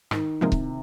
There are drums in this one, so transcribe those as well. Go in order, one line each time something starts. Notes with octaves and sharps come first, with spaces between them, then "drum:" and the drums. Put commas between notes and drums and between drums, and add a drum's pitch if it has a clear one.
G#2 D#3, drum: rim click
C3 F3 G#3 D#4 A#4
drum: kick C#1